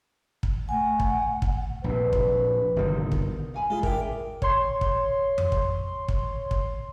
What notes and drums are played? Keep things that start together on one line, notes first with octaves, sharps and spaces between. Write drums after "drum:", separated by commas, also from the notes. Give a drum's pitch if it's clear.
drum: kick
A3 F#5 G#5
drum: kick
drum: kick
A#1 C3 B4
drum: kick
G1 C3 D#3
drum: kick
F5 G#5 B5
G#3 E4 F4 G#4
D4 A#4 E5 G5 A#5, drum: kick
C#5 C6, drum: kick
drum: kick
drum: tom F2
drum: kick
drum: kick
drum: kick